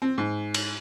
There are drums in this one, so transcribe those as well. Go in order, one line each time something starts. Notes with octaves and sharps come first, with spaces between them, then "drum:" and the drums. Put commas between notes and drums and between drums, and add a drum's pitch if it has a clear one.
C4
G#2
drum: cymbal